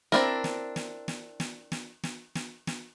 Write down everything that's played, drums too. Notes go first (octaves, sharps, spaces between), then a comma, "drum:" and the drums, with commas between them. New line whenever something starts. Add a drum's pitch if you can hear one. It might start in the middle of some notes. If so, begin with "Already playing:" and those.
C4 D4 E4 A#4, drum: snare
drum: snare
drum: snare
drum: snare
drum: snare
drum: snare
drum: snare
drum: snare
drum: snare